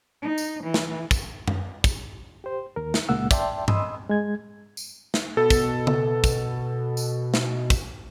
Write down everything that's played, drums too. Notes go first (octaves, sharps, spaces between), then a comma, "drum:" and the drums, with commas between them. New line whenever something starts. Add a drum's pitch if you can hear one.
D#4
drum: tambourine
E3
drum: snare
drum: kick, tambourine
drum: tom F#2
drum: kick, tambourine
G4 C5
D#2 A#4
drum: snare
C#2 A#2 G#3 A#3 F#5 E6
D5 E5 G5 A5 C6, drum: kick, tambourine
D#5 B5 C6 D#6 E6, drum: tom G2
G#3 G#6
drum: tambourine
drum: snare
B2 A4
drum: kick, tambourine
drum: tom
drum: kick, tambourine
drum: tambourine
drum: snare
drum: kick, tambourine